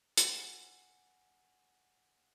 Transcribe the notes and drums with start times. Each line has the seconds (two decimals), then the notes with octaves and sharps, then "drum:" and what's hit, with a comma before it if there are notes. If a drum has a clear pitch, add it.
0.17 F#5 G#5, drum: hi-hat